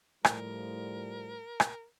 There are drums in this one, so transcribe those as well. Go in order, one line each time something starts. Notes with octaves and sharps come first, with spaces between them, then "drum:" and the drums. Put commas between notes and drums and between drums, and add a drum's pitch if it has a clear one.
A2 F3 G3 A#4, drum: rim click
drum: rim click